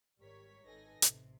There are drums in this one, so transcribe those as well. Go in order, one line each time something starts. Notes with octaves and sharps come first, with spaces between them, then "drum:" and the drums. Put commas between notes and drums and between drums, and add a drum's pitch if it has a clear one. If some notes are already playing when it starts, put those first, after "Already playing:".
G#1 G3 A#4 C#5 B6
G#1 D#4 A4 B4 G#5 A#6
A1 C3, drum: hi-hat